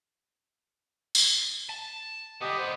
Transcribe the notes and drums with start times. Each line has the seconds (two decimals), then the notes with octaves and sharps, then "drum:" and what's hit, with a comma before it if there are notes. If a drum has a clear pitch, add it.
1.15 drum: tambourine
1.69 A5
2.41 D3 B3 G4 D#5
2.57 C5